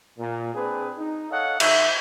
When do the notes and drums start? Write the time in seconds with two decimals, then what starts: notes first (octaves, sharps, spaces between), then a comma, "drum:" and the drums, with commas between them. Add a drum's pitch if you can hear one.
0.19 A#2
0.54 C4 D4 G#4 B4
0.98 D#4
1.30 A4 C#5 D#5 F5 F#5
1.60 D#3 D#4 E5, drum: cymbal